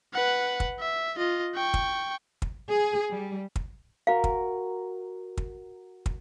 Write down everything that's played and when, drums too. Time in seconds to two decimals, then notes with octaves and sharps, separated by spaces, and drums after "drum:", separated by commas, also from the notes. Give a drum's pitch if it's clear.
0.14 B4 F#5
0.60 drum: kick
0.80 E5
1.17 F4 D#5
1.55 G5 C#6
1.74 drum: kick
2.42 drum: kick
2.69 G#4
3.10 G3
3.56 drum: kick
4.07 F#4 A#4 F5
4.24 drum: kick
5.37 drum: kick
6.06 drum: kick